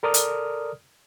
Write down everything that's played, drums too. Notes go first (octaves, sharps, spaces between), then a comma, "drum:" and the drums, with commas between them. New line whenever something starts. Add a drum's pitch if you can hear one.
A4 A#4 D5 D#6 F6
drum: hi-hat